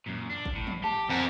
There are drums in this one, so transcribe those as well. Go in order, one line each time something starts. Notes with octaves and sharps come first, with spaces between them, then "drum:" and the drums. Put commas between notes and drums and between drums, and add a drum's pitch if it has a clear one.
F#2 A#2
D4
drum: kick
A2
drum: tom E3
G4 A5
F2 A#4 F#5 G#5 A#5